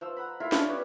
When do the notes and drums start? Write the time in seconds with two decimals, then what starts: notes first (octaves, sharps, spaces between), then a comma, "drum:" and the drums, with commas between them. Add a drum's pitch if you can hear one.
0.01 F3 C5 E6
0.17 F#5 A#5 B5
0.40 E4 F4 A#4 B5
0.52 C#4 D5 F5 G#5, drum: snare
0.69 B3 G4 C#5 G5